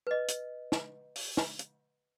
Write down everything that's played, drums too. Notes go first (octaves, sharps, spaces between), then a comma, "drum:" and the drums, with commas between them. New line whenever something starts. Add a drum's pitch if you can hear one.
B4 D#5
drum: hi-hat
drum: snare
drum: open hi-hat
drum: snare
drum: hi-hat